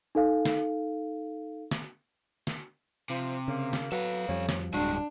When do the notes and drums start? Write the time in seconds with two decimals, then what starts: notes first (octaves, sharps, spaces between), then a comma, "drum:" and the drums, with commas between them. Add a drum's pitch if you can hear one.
0.15 D#4 A4 F5
0.45 drum: snare
1.71 drum: snare
2.47 drum: snare
3.10 C3 F3
3.48 C#3 A#3
3.73 drum: snare
3.92 F#3 B3 A4 F5
4.29 F2 F3 G3 C#4
4.49 drum: snare
4.74 D1 G2 G#3 D4 F#4